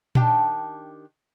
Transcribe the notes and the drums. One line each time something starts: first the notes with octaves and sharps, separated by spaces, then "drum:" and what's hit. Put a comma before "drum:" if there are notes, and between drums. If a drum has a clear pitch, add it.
D#3 D4 G4 G5 A5, drum: tom A#2